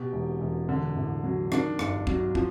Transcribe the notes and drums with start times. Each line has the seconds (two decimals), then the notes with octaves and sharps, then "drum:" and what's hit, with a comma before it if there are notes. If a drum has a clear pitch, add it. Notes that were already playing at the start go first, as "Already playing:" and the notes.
Already playing: B2 G4
0.13 E1
0.41 E1
0.69 D3
0.96 A1
1.24 F#3
1.52 D#3 D4, drum: rim click
1.79 G1, drum: rim click
2.07 F#3, drum: kick
2.35 F3, drum: kick